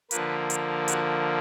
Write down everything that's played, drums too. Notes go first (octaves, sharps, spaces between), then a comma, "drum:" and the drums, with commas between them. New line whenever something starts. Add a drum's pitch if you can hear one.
D3 F3 A#3 B4, drum: hi-hat
drum: hi-hat
F#4, drum: hi-hat